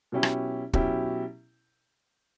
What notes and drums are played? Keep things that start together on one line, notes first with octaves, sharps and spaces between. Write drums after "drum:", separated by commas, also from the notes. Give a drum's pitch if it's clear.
B2 F#3 C#4 E4 G4
drum: rim click
B2 F#3 C#4 E4 G4, drum: kick